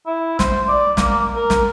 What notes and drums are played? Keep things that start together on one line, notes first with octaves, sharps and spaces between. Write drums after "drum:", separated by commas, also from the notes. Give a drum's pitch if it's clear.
E4
C5, drum: snare
D5
A#3, drum: snare
A#4
drum: snare